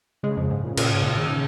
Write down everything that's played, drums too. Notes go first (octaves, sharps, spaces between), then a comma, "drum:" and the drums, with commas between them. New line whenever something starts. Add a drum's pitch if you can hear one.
C#3 G#3
F2
G#2
A#2
A#2, drum: cymbal
G#2
A#2
D#3